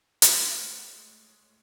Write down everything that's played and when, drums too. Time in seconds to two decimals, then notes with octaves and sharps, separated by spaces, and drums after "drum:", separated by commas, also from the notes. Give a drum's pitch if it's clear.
0.22 A2 G#3 A#6 D7, drum: hi-hat